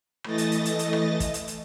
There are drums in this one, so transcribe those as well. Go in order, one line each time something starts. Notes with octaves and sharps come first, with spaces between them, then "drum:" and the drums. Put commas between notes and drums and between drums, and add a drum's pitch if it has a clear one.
E3 A3 D#5 A6 A#6, drum: rim click
drum: hi-hat
drum: hi-hat
drum: hi-hat
drum: hi-hat
drum: rim click
drum: kick, hi-hat
drum: hi-hat
drum: hi-hat